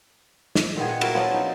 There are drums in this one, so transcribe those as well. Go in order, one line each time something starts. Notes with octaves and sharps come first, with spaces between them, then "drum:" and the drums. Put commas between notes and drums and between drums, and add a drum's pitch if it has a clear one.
drum: snare
A#2 D#3 B3 G#4
F#5
E4 F#4 A#4, drum: cymbal
F3 B3 C#4 D4
D#4